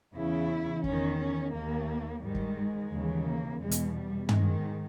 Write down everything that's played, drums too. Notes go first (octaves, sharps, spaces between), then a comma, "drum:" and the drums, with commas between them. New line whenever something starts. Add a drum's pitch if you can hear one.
E2 C#3 E3 E4
E2 D#3 C#4, drum: kick
C#4
D#2 D#3 A#3
G#2 D#3 G3
drum: kick
G#3
D#2 C#3 E3
A#3
E2 B2 G#3
drum: hi-hat
G3
G#2 D#3 G#3, drum: tom